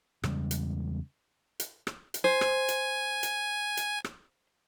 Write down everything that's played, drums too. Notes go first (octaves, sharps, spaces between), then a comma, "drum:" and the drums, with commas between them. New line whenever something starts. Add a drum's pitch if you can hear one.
E2 C#3 G3 G#3, drum: rim click
drum: hi-hat
drum: hi-hat
drum: rim click
drum: hi-hat
C5 G#5
drum: rim click
drum: hi-hat
drum: hi-hat
drum: hi-hat
drum: rim click